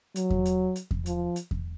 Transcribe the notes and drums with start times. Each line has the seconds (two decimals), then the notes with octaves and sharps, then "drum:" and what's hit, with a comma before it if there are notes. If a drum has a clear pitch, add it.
0.16 F#3, drum: hi-hat
0.30 drum: kick E2
0.45 drum: hi-hat
0.76 drum: hi-hat
0.91 drum: kick E2
1.06 F3, drum: hi-hat
1.36 drum: hi-hat
1.51 drum: kick E2